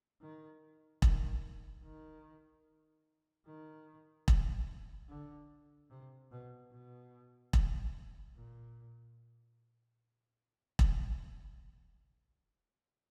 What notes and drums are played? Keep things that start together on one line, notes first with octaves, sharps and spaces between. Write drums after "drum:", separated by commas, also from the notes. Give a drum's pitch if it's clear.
D#3
D#3, drum: kick E1
D#3
D#3
drum: kick E1
D3
C3
B2
B2
drum: kick E1
A#2
drum: kick E1